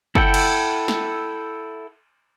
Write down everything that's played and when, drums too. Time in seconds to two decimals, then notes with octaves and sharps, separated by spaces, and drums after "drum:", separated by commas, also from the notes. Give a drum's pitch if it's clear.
0.15 E4 A4 F#5 G5, drum: kick F#1
0.34 drum: cymbal
0.88 drum: snare